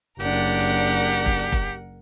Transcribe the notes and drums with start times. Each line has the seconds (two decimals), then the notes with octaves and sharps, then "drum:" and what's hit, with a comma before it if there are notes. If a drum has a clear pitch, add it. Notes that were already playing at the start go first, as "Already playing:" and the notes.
0.20 F#1 D4 G4 A#4 F#5, drum: hi-hat
0.33 drum: hi-hat
0.46 drum: hi-hat
0.60 drum: hi-hat
0.86 drum: hi-hat
1.13 drum: hi-hat
1.26 drum: kick F1
1.39 drum: hi-hat
1.52 drum: kick F1, hi-hat